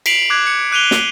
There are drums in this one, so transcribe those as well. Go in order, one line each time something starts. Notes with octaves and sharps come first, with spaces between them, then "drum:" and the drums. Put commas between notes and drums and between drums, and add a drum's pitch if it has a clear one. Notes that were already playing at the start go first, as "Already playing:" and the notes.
B6 C7 D7 F7 F#7, drum: cymbal
D6 F#6 G#6
C#7
D6 F#6 D#7 F7 G7
drum: snare